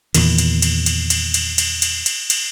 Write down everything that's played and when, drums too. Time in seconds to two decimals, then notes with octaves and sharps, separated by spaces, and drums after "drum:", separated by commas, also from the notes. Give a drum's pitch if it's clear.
0.15 E2 A#2 D#3, drum: cymbal
0.38 drum: cymbal
0.62 drum: cymbal
0.86 drum: cymbal
1.10 drum: cymbal
1.34 drum: cymbal
1.58 drum: cymbal
1.82 drum: cymbal
2.06 drum: cymbal
2.30 drum: cymbal